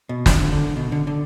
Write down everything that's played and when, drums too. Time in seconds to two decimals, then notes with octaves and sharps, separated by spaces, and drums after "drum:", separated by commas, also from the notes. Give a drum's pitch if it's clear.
0.09 B2
0.26 D4, drum: snare
0.39 D3
0.52 D3
0.76 B2
0.92 D3
1.07 D3